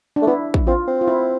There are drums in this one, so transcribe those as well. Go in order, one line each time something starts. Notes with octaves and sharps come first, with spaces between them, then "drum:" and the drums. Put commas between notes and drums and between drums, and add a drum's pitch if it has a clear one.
D4
A3
B3 E4
drum: kick
C4 F4
C4
F4
E4